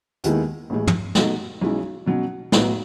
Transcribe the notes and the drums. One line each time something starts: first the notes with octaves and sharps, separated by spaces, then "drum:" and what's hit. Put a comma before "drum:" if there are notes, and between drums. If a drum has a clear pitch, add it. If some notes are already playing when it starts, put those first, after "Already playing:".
D#2 D#3 G#3 B3 E4, drum: hi-hat
A1 A2 G#3
drum: tom
B2 F#3 A3 D#4, drum: snare
B1 B2 G#3 C#4 E4
B2 F#3 C#4
B1 A2 F#3 B3 D#4, drum: snare